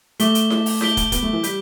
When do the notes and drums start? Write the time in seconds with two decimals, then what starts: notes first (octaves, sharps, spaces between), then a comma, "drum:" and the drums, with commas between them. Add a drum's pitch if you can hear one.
0.20 A3 D6 B6 G7, drum: hi-hat
0.35 drum: hi-hat
0.50 drum: snare E4
0.66 drum: open hi-hat
0.81 G6 B6 D7 G7, drum: snare E4
0.97 drum: kick, hi-hat
1.12 B3, drum: kick, hi-hat
1.23 A3
1.33 E3
1.43 G3 G6 B6 G7, drum: hi-hat